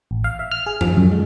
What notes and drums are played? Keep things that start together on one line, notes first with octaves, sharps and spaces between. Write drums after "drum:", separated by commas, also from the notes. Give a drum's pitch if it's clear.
A1
F5
E5
F6
G#4
F3, drum: tom F#2
F#2
G#3